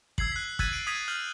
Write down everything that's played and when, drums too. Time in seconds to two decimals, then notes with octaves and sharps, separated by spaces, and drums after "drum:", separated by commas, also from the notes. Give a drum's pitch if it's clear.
0.18 E6 G#6 C7 F#7, drum: kick
0.32 F#6 B6
0.59 E6 F#6 G#6 A6 B6 D#7, drum: kick
0.73 D7
0.87 D#6 G#6 A6 B6 D#7
1.08 F6 G6 D#7 F#7